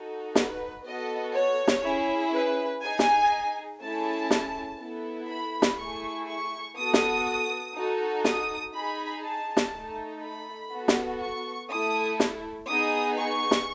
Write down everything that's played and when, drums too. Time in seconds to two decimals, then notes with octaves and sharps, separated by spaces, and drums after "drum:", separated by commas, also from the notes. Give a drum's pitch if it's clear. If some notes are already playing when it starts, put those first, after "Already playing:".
Already playing: D#4 F#4 A4
0.35 B4, drum: snare
0.85 B3 F#4 A4 D#5
1.34 C#5
1.68 drum: snare
1.84 C#4 E4 G#4
2.33 B4
2.83 D#4 G#4 G#5
2.99 drum: snare
3.81 A3 C#4 E4 G#4 A5
4.31 drum: snare
4.80 B3 E4 A4
5.29 B5
5.62 drum: snare
5.78 A3 E4 G#4 C#6
6.28 C#6
6.77 B3 F#4 A4 D#6
6.94 drum: snare
7.75 D#4 F#4 A4
8.25 D#6, drum: snare
8.74 D#4 G#4 B5
9.23 A5
9.57 drum: snare
9.73 A3 D#4 A4
10.23 B5
10.71 B3 F#4 A4
10.88 drum: snare
11.21 C#6
11.70 A3 E4 A4 D#6
12.20 drum: snare
12.68 B3 D#4 G#4 D#6
13.18 C#6
13.51 drum: snare